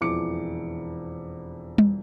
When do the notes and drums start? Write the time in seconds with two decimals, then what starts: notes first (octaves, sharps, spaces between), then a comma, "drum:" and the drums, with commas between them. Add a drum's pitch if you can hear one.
0.01 E1 F2 E3 D6 C#7
1.78 drum: tom G3